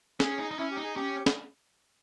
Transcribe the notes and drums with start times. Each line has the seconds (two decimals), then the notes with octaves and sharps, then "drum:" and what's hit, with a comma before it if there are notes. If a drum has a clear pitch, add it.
0.20 C#4 G#4, drum: snare
0.39 D#4
0.51 D#4
0.58 C#4 E4
0.71 G4
0.77 D#4
0.83 G#4
0.96 C#4 G4
1.26 drum: snare